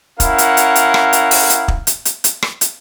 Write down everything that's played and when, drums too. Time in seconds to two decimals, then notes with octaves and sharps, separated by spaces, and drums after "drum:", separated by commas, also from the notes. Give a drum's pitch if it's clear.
0.20 C#4 E4 A#4 F5 F#5, drum: kick, hi-hat
0.38 drum: hi-hat
0.57 drum: hi-hat
0.75 drum: hi-hat
0.94 drum: rim click
1.13 drum: hi-hat
1.31 drum: open hi-hat
1.50 drum: hi-hat
1.68 drum: kick
1.87 drum: hi-hat
2.05 drum: hi-hat
2.24 drum: hi-hat
2.42 drum: rim click
2.61 drum: hi-hat